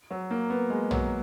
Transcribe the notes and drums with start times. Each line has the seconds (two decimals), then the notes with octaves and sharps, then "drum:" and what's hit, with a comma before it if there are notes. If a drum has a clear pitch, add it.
0.10 F#3
0.31 A#3
0.50 B3
0.70 G#3
0.91 F#3, drum: tom